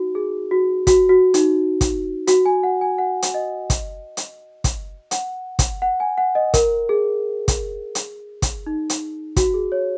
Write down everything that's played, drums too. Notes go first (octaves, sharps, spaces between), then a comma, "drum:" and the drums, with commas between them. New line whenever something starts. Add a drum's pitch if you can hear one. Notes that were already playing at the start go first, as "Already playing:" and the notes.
Already playing: D#4 F#4
G#4
F#4
F#4, drum: kick, hi-hat
F#4
D#4, drum: hi-hat
drum: kick, hi-hat
F#4, drum: hi-hat
G#5
F#5
G#5
F#5
drum: hi-hat
D#5
drum: kick, hi-hat
drum: hi-hat
drum: kick, hi-hat
F#5, drum: hi-hat
drum: kick, hi-hat
F#5
G#5
F#5
D#5
A#4, drum: kick, hi-hat
G#4
drum: kick, hi-hat
drum: hi-hat
drum: kick, hi-hat
D#4
drum: hi-hat
F#4, drum: kick, hi-hat
G#4
C#5